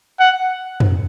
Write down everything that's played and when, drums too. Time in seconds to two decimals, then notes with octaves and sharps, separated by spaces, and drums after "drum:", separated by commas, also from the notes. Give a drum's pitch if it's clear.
0.20 F#5
0.80 drum: tom